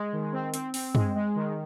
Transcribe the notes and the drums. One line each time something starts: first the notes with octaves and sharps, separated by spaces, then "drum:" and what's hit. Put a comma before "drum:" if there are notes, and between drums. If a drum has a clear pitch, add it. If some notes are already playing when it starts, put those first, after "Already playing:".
Already playing: G#3
D#3
C4
C4, drum: hi-hat
C4, drum: open hi-hat
G#3, drum: tom
G#3
D#3